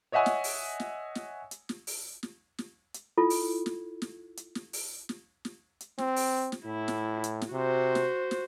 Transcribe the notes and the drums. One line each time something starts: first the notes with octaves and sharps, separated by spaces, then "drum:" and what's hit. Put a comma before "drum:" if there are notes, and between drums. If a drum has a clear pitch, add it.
C#5 D#5 E5 F#5 G#5
drum: snare
drum: open hi-hat
drum: snare
drum: snare
drum: hi-hat
drum: snare
drum: open hi-hat
drum: snare
drum: snare
drum: hi-hat
E4 F4 A4
drum: open hi-hat
drum: snare
drum: snare
drum: hi-hat
drum: snare
drum: open hi-hat
drum: snare
drum: snare
drum: hi-hat
C4, drum: snare
drum: open hi-hat
drum: snare
A2 E4
drum: snare
drum: hi-hat
drum: snare
C3 F#4 C5
drum: snare
drum: snare